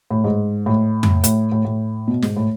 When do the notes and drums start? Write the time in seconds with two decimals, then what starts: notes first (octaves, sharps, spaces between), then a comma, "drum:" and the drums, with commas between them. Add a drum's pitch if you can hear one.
0.11 A2
0.24 G#2
0.66 A2
1.03 drum: tom F2
1.24 A2, drum: hi-hat
1.52 A2
1.65 A2
2.08 B2
2.22 G#2, drum: snare
2.37 A2